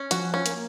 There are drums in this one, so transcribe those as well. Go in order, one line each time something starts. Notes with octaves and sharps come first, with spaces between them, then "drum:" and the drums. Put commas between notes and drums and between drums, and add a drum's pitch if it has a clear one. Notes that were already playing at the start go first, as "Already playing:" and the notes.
Already playing: C#4
F3 F#4, drum: hi-hat
C#4
A#3, drum: hi-hat